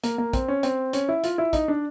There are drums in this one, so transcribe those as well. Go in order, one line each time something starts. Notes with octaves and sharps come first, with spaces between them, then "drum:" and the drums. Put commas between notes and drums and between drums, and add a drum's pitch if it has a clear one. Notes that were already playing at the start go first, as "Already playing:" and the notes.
A#3, drum: hi-hat
A#3
C4, drum: kick, hi-hat
C#4
C4, drum: hi-hat
C#4, drum: hi-hat
E4
F4, drum: hi-hat
E4
D#4, drum: kick, hi-hat
D4